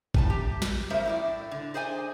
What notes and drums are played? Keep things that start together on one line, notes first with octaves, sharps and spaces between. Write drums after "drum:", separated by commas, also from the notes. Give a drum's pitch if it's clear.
A2 G#5 A5, drum: kick G#1
G4
drum: snare
F2 A3 A#4 C5 E5
A2 E4 D5
D3
G#4 C5 D5 D#5 F#5 G#5